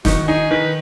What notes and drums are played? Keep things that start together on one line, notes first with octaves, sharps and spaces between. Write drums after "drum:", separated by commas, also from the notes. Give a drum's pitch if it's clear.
D#3 B3 D#4 F#4, drum: snare
D#4 G#4
D#3 B4